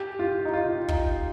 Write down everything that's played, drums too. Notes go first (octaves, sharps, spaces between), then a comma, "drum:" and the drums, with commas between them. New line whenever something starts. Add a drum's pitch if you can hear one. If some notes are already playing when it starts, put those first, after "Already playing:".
Already playing: G4
F4
D#4
F4
D#4, drum: kick